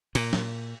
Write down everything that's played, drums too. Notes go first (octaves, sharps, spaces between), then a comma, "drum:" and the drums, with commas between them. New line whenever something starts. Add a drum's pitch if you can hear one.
A#2, drum: cymbal
drum: snare